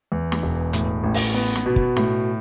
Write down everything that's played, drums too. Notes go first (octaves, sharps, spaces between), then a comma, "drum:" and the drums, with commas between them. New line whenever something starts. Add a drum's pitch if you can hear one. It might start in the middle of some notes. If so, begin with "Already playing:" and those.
E2
drum: snare
E1
A2, drum: hi-hat
A1
drum: open hi-hat
B3
drum: snare
B2
drum: kick
A2, drum: snare